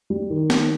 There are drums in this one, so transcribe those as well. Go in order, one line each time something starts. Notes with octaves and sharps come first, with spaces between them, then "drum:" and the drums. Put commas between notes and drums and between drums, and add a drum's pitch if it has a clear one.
G3
D#3
D#3, drum: snare